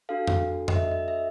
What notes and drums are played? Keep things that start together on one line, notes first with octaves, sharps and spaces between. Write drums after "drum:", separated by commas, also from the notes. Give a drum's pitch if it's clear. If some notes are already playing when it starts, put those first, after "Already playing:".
D4 F#4 A4 F5
drum: tom F2
D#5, drum: tom F2
E5
D#5
E5